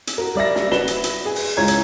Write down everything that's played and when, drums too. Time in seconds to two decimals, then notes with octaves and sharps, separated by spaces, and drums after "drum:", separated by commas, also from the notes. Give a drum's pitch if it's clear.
0.07 drum: hi-hat
0.18 F#4 A#4
0.35 G3 D5 E5 A#6
0.55 drum: snare
0.71 F#4 B4 E7 G7, drum: snare
0.88 drum: hi-hat
1.04 drum: hi-hat
1.25 G#4 G#5
1.36 drum: open hi-hat
1.57 C#2 E4 F4 C#5 A#5 G#6
1.68 drum: hi-hat